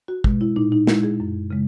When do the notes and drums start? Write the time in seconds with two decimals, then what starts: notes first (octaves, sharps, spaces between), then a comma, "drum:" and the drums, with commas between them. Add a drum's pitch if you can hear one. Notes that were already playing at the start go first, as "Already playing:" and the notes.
0.08 F#4
0.24 B2 G#3, drum: kick
0.41 E4
0.56 A#2 D#4
0.72 D#4
0.87 G#3 E4, drum: snare
1.03 G#4
1.20 F#2
1.51 C#3 G#3